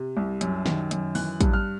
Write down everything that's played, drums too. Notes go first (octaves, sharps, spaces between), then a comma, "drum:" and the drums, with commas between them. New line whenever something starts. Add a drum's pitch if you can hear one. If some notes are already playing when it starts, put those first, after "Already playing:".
Already playing: C3
C2
F#2, drum: hi-hat
D#3, drum: snare
F#2, drum: hi-hat
E3 F#6, drum: open hi-hat
G2, drum: kick, hi-hat
F6